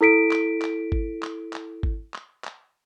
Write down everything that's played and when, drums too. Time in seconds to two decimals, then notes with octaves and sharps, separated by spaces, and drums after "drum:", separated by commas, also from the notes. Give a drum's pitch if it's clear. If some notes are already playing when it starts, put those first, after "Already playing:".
0.01 E4 A4 B6 D7
0.31 drum: clap
0.62 drum: clap
0.92 drum: kick G#1
1.22 drum: clap
1.53 drum: clap
1.83 drum: kick G#1
2.14 drum: clap
2.44 drum: clap